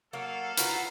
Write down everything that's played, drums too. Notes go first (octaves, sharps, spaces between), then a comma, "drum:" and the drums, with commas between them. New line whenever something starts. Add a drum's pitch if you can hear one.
F#3 A#3 A4 F5
A#2 F4 F#4 B4 A#5, drum: hi-hat